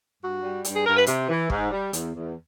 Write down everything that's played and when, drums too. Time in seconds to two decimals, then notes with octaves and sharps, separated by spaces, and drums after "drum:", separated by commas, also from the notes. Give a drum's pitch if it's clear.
0.21 G2 F#4
0.43 G3
0.65 G2, drum: hi-hat
0.76 G#4
0.86 G2 A#4
0.97 B4
1.06 C3, drum: hi-hat
1.29 E3
1.50 G#2, drum: kick
1.71 G3
1.93 E2, drum: hi-hat
2.14 E2